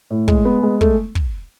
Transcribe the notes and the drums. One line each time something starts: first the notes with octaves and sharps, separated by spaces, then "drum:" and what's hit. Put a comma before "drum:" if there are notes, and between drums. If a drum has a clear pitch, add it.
A2
G#3, drum: kick
B3
G#3
A3, drum: kick
drum: kick